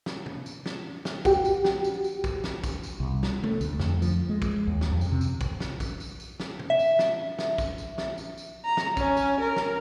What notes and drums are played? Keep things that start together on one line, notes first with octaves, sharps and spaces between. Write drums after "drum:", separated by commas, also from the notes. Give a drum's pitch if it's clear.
drum: snare
drum: tom
drum: tambourine
drum: snare
drum: snare
F#4 G4, drum: kick, tambourine
drum: tambourine
drum: snare
drum: tambourine
drum: tambourine
drum: kick, tambourine
drum: snare
drum: kick, tambourine
drum: tambourine
C2
drum: snare
A3, drum: tom
D2, drum: tambourine
F2, drum: snare
F3, drum: tambourine
G#3
drum: kick, tambourine
D#2
drum: snare
F2
drum: tambourine
C3
drum: tambourine
drum: kick, tambourine
drum: snare
drum: kick, tambourine
drum: tambourine
drum: tambourine
drum: snare
drum: tom
E5
drum: tambourine
drum: snare
drum: snare
drum: kick, tambourine
drum: tambourine
drum: snare
drum: tambourine
drum: tambourine
A#5
drum: snare
C#4, drum: kick, tambourine
drum: tambourine
A#4
drum: snare